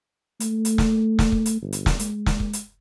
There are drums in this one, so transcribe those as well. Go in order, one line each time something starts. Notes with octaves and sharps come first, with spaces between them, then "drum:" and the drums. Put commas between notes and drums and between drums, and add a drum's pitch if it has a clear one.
A3, drum: hi-hat
drum: hi-hat
drum: snare
drum: snare
drum: kick
drum: hi-hat
G1
drum: hi-hat
drum: snare
G#3, drum: hi-hat
drum: snare
drum: kick
drum: hi-hat